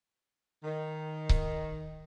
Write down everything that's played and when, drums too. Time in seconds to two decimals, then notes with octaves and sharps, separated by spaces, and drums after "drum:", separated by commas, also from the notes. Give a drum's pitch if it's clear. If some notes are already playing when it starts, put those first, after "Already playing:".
0.64 D#3
1.29 drum: kick C#1